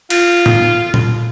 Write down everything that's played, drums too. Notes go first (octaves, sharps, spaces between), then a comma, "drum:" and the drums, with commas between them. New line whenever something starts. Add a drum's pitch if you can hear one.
F4, drum: cymbal
drum: tom
drum: tom A#2